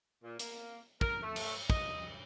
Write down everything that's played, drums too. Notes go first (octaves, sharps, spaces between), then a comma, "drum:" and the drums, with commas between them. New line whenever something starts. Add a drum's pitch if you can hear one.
A#2
A#3, drum: hi-hat
A#4, drum: kick
A3
drum: cymbal
D#5, drum: kick